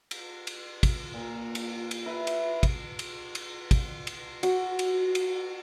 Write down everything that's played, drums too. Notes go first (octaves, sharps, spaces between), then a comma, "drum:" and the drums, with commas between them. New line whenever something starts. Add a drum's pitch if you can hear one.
drum: cymbal
drum: cymbal
drum: kick, cymbal
A#2
drum: cymbal
drum: cymbal
E4 B4
drum: cymbal
drum: kick, cymbal
drum: cymbal
drum: cymbal
drum: kick, cymbal
drum: cymbal
F#4, drum: cymbal
drum: cymbal
drum: cymbal